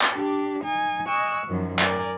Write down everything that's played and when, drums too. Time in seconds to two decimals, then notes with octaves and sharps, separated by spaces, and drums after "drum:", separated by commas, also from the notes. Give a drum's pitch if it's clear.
0.01 drum: clap
0.12 D4 G4
0.62 D#4 G#5
1.06 D#5 G#5 C#6 E6 F#6
1.44 F#2 D#3 F3 F#3
1.79 A#4 D5 G#5, drum: clap